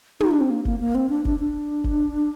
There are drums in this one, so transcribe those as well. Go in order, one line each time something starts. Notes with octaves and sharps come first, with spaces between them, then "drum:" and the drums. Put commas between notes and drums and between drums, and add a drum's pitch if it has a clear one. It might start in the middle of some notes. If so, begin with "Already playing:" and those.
D#4, drum: tom
D4
C4
A#3
A#3, drum: kick F#1
A#3
C4
D4
D4, drum: kick F#1
D4
drum: kick F#1